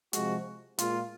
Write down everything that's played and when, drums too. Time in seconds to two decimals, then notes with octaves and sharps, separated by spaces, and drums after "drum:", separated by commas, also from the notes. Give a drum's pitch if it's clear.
0.13 C3 F3 G#3 F#4, drum: hi-hat
0.78 A#2 G#3 F4, drum: hi-hat